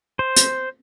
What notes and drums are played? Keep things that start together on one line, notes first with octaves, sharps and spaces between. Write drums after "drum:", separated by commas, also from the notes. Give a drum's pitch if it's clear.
C5
drum: hi-hat